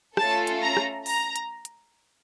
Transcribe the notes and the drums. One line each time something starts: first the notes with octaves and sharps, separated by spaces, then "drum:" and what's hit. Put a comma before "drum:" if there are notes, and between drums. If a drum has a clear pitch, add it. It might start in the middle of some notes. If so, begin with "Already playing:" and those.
A3 C#4 F4 A4 A5, drum: rim click
drum: hi-hat
A#5
drum: rim click
A#5, drum: open hi-hat
drum: hi-hat
drum: hi-hat